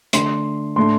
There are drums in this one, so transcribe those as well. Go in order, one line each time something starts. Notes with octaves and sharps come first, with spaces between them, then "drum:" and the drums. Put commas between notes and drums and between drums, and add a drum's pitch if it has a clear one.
D3 A3 D4 C6, drum: hi-hat
A2 A3 D4 C6